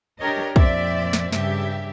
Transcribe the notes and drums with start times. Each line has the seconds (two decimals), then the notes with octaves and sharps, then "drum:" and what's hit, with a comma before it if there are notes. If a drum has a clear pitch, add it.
0.20 D4 G4 A#4 C#5 D#5
0.56 F2 A#2 C4 D5 E5, drum: kick
1.13 drum: snare
1.32 G2 C#3 G4 E5, drum: snare